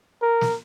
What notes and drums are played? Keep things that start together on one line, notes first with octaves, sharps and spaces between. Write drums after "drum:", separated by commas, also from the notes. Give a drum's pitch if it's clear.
A#4
drum: snare